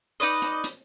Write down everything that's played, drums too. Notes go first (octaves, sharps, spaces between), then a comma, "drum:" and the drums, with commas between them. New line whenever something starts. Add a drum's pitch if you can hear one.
D#4 B4 D5 D#5
drum: hi-hat
drum: hi-hat